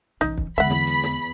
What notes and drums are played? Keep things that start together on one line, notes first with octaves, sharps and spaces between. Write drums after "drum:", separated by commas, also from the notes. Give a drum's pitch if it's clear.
E3 C#4 D#4, drum: tom A#1
drum: kick
E2 D3 G#3 E5 F#5 B5 B6
drum: snare
drum: hi-hat
drum: snare